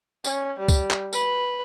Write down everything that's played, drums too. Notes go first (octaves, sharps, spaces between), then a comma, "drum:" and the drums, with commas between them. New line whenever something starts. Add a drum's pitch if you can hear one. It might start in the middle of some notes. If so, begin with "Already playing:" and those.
C#4, drum: tambourine
G3
drum: kick, tambourine
drum: clap
B4, drum: tambourine